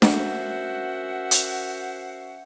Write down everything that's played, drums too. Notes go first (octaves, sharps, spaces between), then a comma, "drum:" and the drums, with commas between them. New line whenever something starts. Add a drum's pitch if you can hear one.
C#4 F#4 A#4 C5 E5 F#5, drum: snare D4
drum: hi-hat